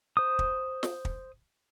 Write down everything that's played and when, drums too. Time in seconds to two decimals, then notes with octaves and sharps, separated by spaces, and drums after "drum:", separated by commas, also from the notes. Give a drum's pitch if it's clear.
0.17 C5 D#6
0.39 drum: kick
0.83 drum: snare
1.05 drum: kick